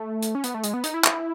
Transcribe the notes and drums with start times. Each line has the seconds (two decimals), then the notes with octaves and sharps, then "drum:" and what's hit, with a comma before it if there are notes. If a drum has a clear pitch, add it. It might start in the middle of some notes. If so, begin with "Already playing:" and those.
Already playing: A3
0.22 drum: hi-hat
0.35 C#4
0.44 B3, drum: hi-hat
0.54 A3
0.64 G#3, drum: hi-hat
0.74 B3
0.84 D#4, drum: hi-hat
0.94 E4
1.04 drum: clap